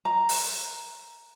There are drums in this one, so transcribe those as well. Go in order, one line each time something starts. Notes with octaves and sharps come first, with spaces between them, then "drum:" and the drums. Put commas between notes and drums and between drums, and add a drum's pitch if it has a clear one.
A#5
drum: open hi-hat